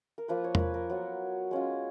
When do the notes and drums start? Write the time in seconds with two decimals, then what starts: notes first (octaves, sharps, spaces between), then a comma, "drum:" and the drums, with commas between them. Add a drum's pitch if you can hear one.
0.18 A#4
0.28 F3 A#3 F4 B4
0.44 C#5
0.55 A#4 B4, drum: tom E2
0.74 A#4
0.90 F#3 B3 F4
1.51 G#3 C#4 F4